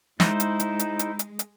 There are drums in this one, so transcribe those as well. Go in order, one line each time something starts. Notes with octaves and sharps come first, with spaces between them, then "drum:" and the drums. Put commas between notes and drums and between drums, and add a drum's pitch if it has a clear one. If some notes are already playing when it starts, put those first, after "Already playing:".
G#3 D#4 E4 C5, drum: snare
drum: hi-hat
drum: hi-hat
drum: hi-hat
drum: hi-hat
drum: hi-hat
drum: hi-hat